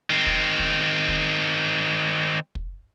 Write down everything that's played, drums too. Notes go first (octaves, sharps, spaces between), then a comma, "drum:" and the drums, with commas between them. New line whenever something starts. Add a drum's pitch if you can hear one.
D#3 C4
drum: kick
drum: kick
drum: kick
drum: kick